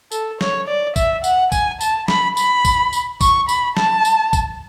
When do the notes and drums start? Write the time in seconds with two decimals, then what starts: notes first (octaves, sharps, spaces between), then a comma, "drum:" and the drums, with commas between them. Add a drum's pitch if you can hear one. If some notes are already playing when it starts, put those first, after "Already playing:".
0.12 A4, drum: tambourine
0.41 C#5, drum: snare
0.68 D5
0.96 E5, drum: kick, tambourine
1.24 F#5, drum: tambourine
1.52 G#5, drum: kick, tambourine
1.81 A5, drum: tambourine
2.08 B5, drum: snare
2.37 B5, drum: tambourine
2.65 drum: kick, tambourine
2.93 drum: tambourine
3.21 C#6, drum: kick, tambourine
3.49 B5, drum: tambourine
3.77 A5, drum: snare
4.05 drum: tambourine
4.33 drum: kick, tambourine